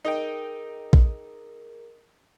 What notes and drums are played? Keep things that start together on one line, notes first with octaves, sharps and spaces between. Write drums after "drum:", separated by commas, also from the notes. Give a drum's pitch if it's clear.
D#4 G#4 A#4 D#5 G5
drum: kick